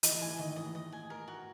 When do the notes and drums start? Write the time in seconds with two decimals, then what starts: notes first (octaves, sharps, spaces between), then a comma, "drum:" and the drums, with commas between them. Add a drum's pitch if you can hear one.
0.03 E3 D#5, drum: hi-hat
0.21 E3 G#5
0.39 D#3 D#5
0.56 E3 D#5
0.75 D#5
0.92 G#5
1.10 A#4
1.28 F#4